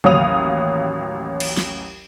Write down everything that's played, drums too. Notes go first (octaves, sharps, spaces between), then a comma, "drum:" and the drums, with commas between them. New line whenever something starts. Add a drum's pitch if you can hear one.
A1 D#2 F#3 F5 D#6 F7, drum: tom
drum: cymbal
drum: snare